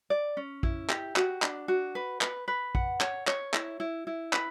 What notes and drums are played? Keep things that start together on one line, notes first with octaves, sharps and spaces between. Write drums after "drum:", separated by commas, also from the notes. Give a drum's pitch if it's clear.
D5
C#4
E4, drum: kick
G4, drum: clap
F#4, drum: clap
D4, drum: clap
F#4
B4
B4, drum: clap
B4
F#5, drum: kick
C#5, drum: clap
C#5, drum: clap
E4, drum: clap
E4
E4
B4, drum: clap